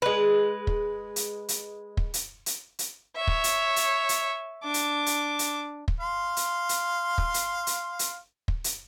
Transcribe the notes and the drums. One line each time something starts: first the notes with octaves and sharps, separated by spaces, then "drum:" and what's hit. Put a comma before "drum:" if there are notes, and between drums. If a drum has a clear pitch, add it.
G#3 B4
drum: kick
drum: hi-hat
drum: hi-hat
drum: kick
drum: hi-hat
drum: hi-hat
drum: hi-hat
C#5 E5
drum: kick
drum: hi-hat
drum: hi-hat
drum: hi-hat
D4 D6
drum: hi-hat
drum: hi-hat
drum: hi-hat
drum: kick
F5 C6
drum: hi-hat
drum: hi-hat
drum: kick
drum: hi-hat
drum: hi-hat
drum: hi-hat
drum: kick
drum: hi-hat